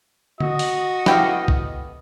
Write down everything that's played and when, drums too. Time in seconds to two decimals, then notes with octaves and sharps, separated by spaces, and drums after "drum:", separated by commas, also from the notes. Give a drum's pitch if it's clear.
0.40 F#4 D#5, drum: tom
0.59 drum: open hi-hat
1.06 B3 E4 G4 A4 F5 G5, drum: snare
1.48 drum: kick